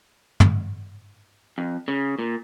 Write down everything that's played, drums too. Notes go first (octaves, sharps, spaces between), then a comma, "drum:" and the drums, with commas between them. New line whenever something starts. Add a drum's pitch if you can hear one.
drum: tom
F2
C#3
A#2